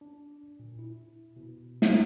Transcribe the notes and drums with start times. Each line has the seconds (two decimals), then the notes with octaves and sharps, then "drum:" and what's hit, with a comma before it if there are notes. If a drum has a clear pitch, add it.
0.01 D4
0.60 A#2
0.79 E4
1.37 B2
1.82 F4, drum: snare